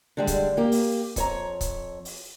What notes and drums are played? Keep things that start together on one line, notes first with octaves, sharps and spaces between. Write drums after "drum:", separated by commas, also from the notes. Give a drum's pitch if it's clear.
D3 G3 G#3
drum: kick C#1, hi-hat
A#3 G4
drum: open hi-hat
F2 C#5 A#5, drum: kick C#1, hi-hat
drum: kick C#1, hi-hat
drum: open hi-hat